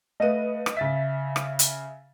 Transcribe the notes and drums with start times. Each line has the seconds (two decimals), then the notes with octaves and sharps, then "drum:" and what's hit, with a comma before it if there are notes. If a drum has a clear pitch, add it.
0.20 A3 B4 D#5 F5 D#7
0.66 drum: rim click
0.77 C#3 E5 A6 B6
1.36 drum: rim click
1.59 drum: hi-hat